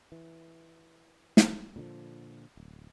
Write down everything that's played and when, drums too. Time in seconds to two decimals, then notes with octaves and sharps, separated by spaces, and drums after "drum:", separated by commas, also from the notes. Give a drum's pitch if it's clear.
0.12 E3
1.37 drum: snare
1.76 A#2 D3 D#3 F3
2.57 D1